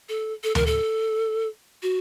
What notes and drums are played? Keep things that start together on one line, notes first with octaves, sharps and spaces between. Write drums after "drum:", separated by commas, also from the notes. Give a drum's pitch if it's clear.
A4
A4
A#4, drum: tom D2
A4
F#4